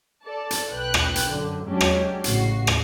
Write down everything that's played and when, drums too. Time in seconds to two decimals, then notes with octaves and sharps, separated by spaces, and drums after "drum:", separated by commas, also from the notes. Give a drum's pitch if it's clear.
0.23 A4 D5 A5
0.51 drum: hi-hat
0.70 B1 B4 G5 F#6
0.94 drum: rim click
1.16 drum: hi-hat
1.28 F#2 D3
1.64 F#3 G#3 C#4 D4 G4
1.81 drum: rim click
2.24 A1 C#3 F#4 C7, drum: hi-hat
2.67 drum: rim click